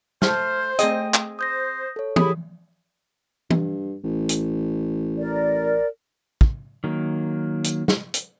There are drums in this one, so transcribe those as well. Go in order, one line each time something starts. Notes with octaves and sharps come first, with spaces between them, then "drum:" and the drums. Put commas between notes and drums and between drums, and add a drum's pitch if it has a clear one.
A3 C5 F6, drum: snare
A3 C4 G#4 D#5 G5, drum: hi-hat
drum: clap
C5 D#6 G6 A#6
A4 C#5
E4 G4 G#4 B5 D#6, drum: tom
G2, drum: tom
A1
drum: hi-hat
A#4 D5
drum: kick
D#3 F#3 A#3
drum: hi-hat
drum: snare
drum: hi-hat